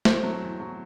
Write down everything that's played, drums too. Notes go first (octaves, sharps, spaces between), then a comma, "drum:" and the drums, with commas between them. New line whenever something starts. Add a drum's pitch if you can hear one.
A3 C5, drum: snare
F#3
E2
F#3